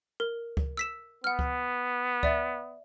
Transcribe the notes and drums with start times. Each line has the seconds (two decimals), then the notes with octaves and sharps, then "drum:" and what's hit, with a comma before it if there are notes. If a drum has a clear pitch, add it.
0.20 A#4
0.57 drum: kick C#2
0.77 E6 B6 E7
1.24 B3 F#5 F6
1.39 drum: kick C#2
2.23 D5 E5, drum: kick C#2